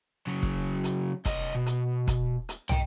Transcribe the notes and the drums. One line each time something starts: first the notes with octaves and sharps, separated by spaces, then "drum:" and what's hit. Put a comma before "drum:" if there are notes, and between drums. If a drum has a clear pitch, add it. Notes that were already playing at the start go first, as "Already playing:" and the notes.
C#3 F#3
drum: kick
drum: hi-hat
C2 D#5, drum: kick, hi-hat
B2
drum: hi-hat
drum: kick, hi-hat
drum: hi-hat
D#5 G5, drum: tom